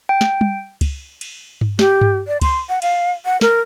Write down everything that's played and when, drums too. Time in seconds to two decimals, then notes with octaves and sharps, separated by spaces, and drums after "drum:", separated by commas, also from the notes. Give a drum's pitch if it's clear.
0.09 G5
0.21 drum: snare
0.41 drum: tom G3
0.81 drum: kick, cymbal
1.21 drum: cymbal
1.61 drum: tom G2
1.79 G4, drum: snare
2.01 drum: tom G2
2.28 D5
2.41 C6, drum: kick, cymbal
2.69 F#5
2.82 F5, drum: cymbal
3.25 F#5
3.41 A#4, drum: snare